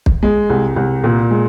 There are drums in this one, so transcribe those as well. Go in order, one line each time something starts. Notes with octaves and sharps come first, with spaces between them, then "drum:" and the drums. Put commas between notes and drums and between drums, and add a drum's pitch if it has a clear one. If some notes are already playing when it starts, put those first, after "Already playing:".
drum: kick
G#3
C2
C2
A#2
G#3